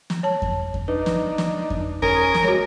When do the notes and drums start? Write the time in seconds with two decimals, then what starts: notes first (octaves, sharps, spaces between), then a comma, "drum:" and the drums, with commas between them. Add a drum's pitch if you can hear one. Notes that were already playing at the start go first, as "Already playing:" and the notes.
0.10 drum: snare
0.23 C#5 A5
0.42 drum: kick F2
0.74 drum: kick F2
0.88 D4 D#4 B4
1.06 drum: snare
1.38 drum: snare
1.70 drum: kick F2
2.02 C#4 A#4 G#5 D#6, drum: kick F2
2.34 drum: snare
2.44 G#3 F#4 C#5